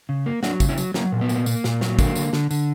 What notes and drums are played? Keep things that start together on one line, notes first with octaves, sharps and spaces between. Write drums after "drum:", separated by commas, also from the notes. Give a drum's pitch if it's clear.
C#3
A#3
F#3 D4 F#4, drum: snare
C#3, drum: kick, tambourine
C#4 E4
F#3, drum: tambourine
F#3 A#3 C#4, drum: snare
A#2
B3
A#3, drum: tambourine
A#3, drum: tambourine
A#2, drum: snare
F#3, drum: snare
D3 A#3, drum: kick, tambourine
D3, drum: tambourine
D3, drum: snare
D3, drum: tambourine